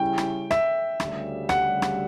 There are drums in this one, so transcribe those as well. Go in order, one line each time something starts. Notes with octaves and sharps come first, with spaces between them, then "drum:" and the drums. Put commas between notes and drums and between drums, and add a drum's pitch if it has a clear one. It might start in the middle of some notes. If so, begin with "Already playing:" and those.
Already playing: C#3 G3 C#4 E4 G5
drum: rim click
E5, drum: rim click
D2 C#3 G3, drum: rim click
F#5, drum: rim click
drum: rim click